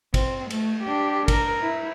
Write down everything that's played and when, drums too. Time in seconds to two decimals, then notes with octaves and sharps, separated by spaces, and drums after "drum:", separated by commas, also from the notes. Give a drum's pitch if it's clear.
0.14 C4, drum: kick, cymbal
0.50 A3, drum: cymbal
0.83 D4 G4
1.28 A#4, drum: kick, cymbal
1.62 E4